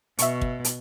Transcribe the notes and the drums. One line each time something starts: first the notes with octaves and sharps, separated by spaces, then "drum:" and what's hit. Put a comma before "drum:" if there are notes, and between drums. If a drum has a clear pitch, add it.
B2 E5 C#6, drum: hi-hat
drum: kick
drum: hi-hat